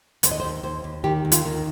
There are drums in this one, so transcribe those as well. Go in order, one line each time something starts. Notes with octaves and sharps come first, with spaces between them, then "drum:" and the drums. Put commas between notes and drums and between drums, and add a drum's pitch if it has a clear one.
D#2 C5, drum: hi-hat
D#5
C5
D#2
D#2 C5
D#2
D#3 G4
D#2
F4, drum: hi-hat
D#3